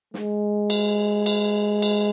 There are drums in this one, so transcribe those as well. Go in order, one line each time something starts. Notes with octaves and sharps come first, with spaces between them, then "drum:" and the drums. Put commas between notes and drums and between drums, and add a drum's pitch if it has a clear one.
G#3, drum: snare
drum: cymbal
drum: cymbal
drum: cymbal